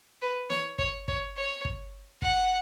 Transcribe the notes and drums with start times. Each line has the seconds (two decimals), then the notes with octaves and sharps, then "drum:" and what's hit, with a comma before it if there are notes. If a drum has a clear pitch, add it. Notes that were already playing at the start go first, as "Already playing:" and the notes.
0.22 B4
0.50 C#5, drum: snare
0.79 C#5, drum: kick
1.08 C#5, drum: kick
1.37 C#5
1.65 drum: kick
2.22 F#5, drum: kick